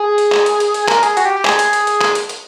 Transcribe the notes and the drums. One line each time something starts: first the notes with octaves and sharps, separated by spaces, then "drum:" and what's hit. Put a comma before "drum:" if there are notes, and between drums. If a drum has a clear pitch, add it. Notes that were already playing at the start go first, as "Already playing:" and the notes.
Already playing: G#4
drum: hi-hat
drum: clap
drum: hi-hat
drum: hi-hat
drum: hi-hat
A#4, drum: clap
G#4, drum: hi-hat
F#4, drum: hi-hat
G4
G4
G#4, drum: clap
drum: hi-hat
drum: hi-hat
drum: hi-hat
drum: clap
drum: hi-hat
drum: hi-hat